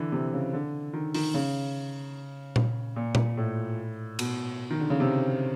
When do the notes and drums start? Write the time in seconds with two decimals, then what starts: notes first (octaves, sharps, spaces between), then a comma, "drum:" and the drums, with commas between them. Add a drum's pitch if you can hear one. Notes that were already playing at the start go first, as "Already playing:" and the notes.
Already playing: D3 E3
0.12 C3
0.33 C#3
0.53 D3
0.93 D#3
1.15 D#3, drum: open hi-hat
1.34 C#3
2.56 drum: tom A#2
2.96 A#2
3.15 drum: tom A#2
3.37 A2
4.19 B2, drum: cymbal
4.70 D#3
4.80 D3
4.90 C#3
5.00 C3